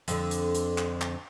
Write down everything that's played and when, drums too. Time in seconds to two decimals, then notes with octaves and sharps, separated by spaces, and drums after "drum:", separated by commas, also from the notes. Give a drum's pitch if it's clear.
0.08 F2 D3, drum: hi-hat
0.31 drum: hi-hat
0.55 drum: hi-hat
0.78 drum: clap
1.02 drum: clap